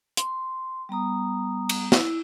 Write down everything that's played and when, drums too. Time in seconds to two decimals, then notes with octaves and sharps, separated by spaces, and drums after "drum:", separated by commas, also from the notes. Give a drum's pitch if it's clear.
0.17 C6, drum: hi-hat
0.89 G3 B3 A#5 D#6
1.69 drum: cymbal
1.92 E4, drum: snare